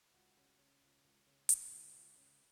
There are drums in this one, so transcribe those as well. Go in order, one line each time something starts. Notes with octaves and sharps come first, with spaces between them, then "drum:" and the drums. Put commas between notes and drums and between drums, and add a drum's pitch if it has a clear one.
C#2 F#4
C#3
C#3 C#4
C#2
C#2
C#3
C#3, drum: hi-hat
C#2
C#2
C#3